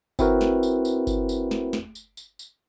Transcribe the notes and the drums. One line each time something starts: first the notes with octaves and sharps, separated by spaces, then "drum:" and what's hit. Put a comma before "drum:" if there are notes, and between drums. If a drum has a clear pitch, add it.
C4 E4 F#4 A#4 B4, drum: kick G1, tambourine
drum: snare
drum: tambourine
drum: tambourine
drum: kick G1, tambourine
drum: tambourine
drum: snare
drum: snare
drum: tambourine
drum: tambourine
drum: tambourine